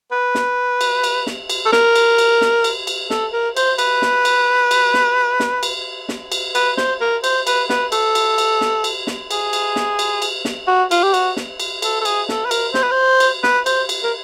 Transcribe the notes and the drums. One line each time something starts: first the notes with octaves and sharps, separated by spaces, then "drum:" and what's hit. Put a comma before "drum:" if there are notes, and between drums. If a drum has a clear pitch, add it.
B4
drum: snare
drum: cymbal
drum: cymbal
drum: snare
drum: cymbal
A4
A#4, drum: snare
drum: cymbal
drum: cymbal
drum: snare
drum: cymbal
drum: cymbal
A4, drum: snare
A#4
C5, drum: cymbal
B4, drum: cymbal
drum: snare
drum: cymbal
drum: cymbal
drum: snare
drum: snare
drum: cymbal
drum: snare
drum: cymbal
B4, drum: cymbal
C5, drum: snare
A#4
C5, drum: cymbal
B4, drum: cymbal
B4, drum: snare
A4, drum: cymbal
drum: cymbal
drum: cymbal
drum: snare
drum: cymbal
drum: snare
G#4, drum: cymbal
drum: cymbal
drum: snare
drum: cymbal
drum: cymbal
drum: snare
F#4
F4, drum: cymbal
G4
F#4, drum: cymbal
drum: snare
drum: cymbal
A4, drum: cymbal
A4
G#4, drum: cymbal
A4, drum: snare
B4
A#4, drum: cymbal
C5, drum: snare
B4
C5
drum: cymbal
B4, drum: snare
C5, drum: cymbal
drum: cymbal
A#4